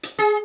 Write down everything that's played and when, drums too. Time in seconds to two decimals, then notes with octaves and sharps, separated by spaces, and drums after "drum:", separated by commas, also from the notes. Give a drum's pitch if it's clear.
0.03 drum: hi-hat
0.19 G#4